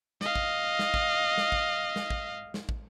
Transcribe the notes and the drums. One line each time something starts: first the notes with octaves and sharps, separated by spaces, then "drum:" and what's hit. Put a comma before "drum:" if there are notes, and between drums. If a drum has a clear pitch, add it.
D#5 F5, drum: snare
drum: kick
drum: snare
drum: kick
drum: snare
drum: kick
drum: snare
drum: kick
drum: snare
drum: kick